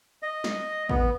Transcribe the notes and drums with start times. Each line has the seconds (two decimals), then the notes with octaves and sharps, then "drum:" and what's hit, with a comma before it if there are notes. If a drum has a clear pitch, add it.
0.23 D#5
0.44 drum: snare
0.89 B3, drum: kick